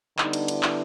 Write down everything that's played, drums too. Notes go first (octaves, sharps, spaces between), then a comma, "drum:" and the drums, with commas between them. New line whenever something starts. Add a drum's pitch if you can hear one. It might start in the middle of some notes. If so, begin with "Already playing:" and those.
D3 G3 B3 D4 D#4, drum: clap
drum: cymbal
E4, drum: cymbal
drum: clap